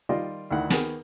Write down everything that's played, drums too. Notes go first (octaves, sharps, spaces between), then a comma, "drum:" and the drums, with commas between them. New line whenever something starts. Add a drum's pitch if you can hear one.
D#3 G3 F4 D5 D#5 C6
D2 D#3 E4 F#5
D#3 B3 G#4 A#4, drum: snare